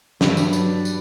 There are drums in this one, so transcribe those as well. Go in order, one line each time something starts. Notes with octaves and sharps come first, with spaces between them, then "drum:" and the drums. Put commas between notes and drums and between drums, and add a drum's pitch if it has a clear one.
G2 F#3 A4 B5 D6, drum: snare
drum: tambourine
B4 D5, drum: tambourine
drum: tambourine